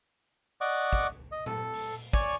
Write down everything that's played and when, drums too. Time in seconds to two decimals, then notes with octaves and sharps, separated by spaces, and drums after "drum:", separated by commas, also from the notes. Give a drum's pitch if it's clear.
0.61 D5 D#5 F#5 C#6 D6
0.93 drum: kick
1.32 D#5
1.46 A4, drum: tom A#2
1.73 drum: open hi-hat
2.13 C#5 D5 G#5 C#6, drum: kick